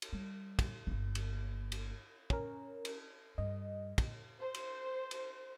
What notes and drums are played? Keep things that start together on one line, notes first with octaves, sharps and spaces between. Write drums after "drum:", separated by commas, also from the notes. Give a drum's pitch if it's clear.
drum: cymbal
G3
drum: kick, cymbal
G1 A#3
drum: cymbal
drum: cymbal
C#4 A#4, drum: kick
drum: cymbal
G2 D#5
drum: kick, cymbal
C5
drum: cymbal
drum: cymbal